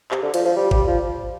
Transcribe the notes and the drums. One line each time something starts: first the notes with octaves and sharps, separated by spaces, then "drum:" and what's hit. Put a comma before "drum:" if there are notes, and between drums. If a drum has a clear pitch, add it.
C3, drum: clap
D3
F3, drum: cymbal
F3
G3
G3, drum: kick G#1
F3